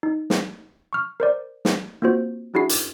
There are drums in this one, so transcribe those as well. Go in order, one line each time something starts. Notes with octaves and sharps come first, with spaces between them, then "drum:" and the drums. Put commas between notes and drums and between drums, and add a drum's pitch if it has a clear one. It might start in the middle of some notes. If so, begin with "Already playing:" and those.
D#4
drum: snare
C#6 F6
A#4 C5 D5
drum: snare
A#3 C4 F4 F#4 C5
C#4 D4 E4 F#4 G#4 C7
drum: hi-hat